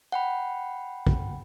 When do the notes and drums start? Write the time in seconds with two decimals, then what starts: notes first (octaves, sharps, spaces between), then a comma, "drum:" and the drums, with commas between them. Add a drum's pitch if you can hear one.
0.12 F#5 G5 B5
1.07 drum: kick